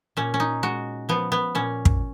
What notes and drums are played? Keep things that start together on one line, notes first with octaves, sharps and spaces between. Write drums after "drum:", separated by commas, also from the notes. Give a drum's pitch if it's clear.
A#2 C#4
C#4
D#4
G#3 F#4
F3 B3
B3
A#2 C#4
drum: kick